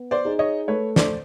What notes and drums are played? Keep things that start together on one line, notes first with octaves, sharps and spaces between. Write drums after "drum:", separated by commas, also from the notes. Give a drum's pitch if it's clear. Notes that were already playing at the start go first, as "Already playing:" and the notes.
Already playing: B3
C5 D5
D#4 G#4
C#5 D#5
A3 B4 C#5
C5 D5, drum: snare